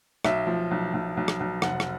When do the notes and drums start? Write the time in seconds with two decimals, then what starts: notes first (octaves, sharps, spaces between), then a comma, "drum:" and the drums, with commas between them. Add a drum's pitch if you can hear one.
0.24 B1 E5, drum: rim click
0.47 F3
0.71 B1
0.94 B1
1.17 B1
1.28 drum: rim click
1.40 B1
1.62 F1 F#5, drum: rim click
1.80 drum: rim click